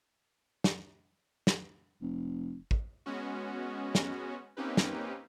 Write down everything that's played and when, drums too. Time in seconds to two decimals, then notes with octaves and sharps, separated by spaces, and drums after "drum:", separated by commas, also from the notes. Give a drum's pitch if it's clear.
0.64 drum: snare
1.47 drum: snare
2.01 F1
2.71 drum: kick
3.06 G#3 B3 C#4 F#4
3.95 drum: snare
4.57 A#3 C4 C#4 D#4 G4 B4
4.77 drum: snare